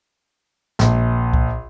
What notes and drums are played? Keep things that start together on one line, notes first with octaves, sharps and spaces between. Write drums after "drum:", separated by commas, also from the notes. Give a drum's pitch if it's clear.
A#1, drum: snare
drum: kick C2